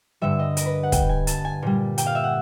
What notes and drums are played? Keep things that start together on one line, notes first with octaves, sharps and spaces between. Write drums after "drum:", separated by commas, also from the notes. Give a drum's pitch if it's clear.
G2 D3 G3 E5
D#5
A#4, drum: hi-hat
B4
F#5
G5, drum: kick, hi-hat
G#5
A5, drum: hi-hat
G#5
A#2 G3
G5, drum: hi-hat
F5
E5
F#5